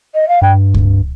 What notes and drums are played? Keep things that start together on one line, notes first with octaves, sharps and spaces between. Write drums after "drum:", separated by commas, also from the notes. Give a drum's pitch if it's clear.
D#5
F5
G2 G5
drum: kick C#2